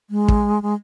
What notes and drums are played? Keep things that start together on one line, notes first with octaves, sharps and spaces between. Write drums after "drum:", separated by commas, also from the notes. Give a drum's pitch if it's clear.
G#3
drum: kick
G#3